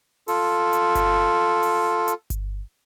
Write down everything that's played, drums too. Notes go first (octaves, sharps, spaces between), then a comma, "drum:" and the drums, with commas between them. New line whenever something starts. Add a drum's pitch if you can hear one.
F4 A4, drum: open hi-hat
drum: hi-hat
drum: kick G1, hi-hat
drum: open hi-hat
drum: hi-hat
drum: kick G1, hi-hat